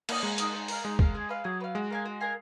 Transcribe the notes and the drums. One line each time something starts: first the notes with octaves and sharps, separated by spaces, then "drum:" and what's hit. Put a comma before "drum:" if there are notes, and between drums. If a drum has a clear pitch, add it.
A#3 D#4 A#4 D#5, drum: cymbal
G#3 A#3
D#4 A#4 D#5, drum: hi-hat
D#4
A#4 F5, drum: open hi-hat
G#3 D#4
A#4 F5, drum: kick
G#4
B4 F5
F#3 G#4
B4 F5
G#3 F#4
A#4 F5 G#5
F#4
A#4 F5 G#5